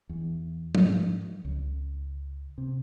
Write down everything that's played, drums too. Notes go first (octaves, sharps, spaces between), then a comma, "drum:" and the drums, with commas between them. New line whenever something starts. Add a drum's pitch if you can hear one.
E2
G#2, drum: tom F3
C#2
C3